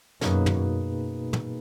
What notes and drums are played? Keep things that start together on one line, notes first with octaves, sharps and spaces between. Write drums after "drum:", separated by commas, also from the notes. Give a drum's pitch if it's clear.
F#2 B2 A#3 D#4 G#4 B4, drum: snare
drum: tom
drum: tom